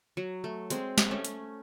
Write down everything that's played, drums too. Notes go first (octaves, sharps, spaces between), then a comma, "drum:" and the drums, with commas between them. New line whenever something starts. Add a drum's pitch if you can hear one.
F#3
A3
G#3 C4, drum: hi-hat
drum: snare
A3 C#4
drum: hi-hat